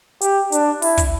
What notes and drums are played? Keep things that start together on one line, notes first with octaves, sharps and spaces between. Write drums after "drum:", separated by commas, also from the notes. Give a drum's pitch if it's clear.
G4, drum: hi-hat
D4, drum: hi-hat
E4, drum: open hi-hat
drum: kick, hi-hat